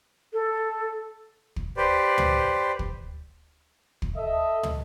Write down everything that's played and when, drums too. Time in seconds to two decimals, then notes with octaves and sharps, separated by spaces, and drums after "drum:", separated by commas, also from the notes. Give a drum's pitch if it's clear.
0.33 A4
1.56 drum: kick
1.77 G4 B4 C5 D5
2.18 drum: tom
2.79 drum: kick
4.02 drum: kick
4.17 A4 D#5 E5
4.63 drum: tom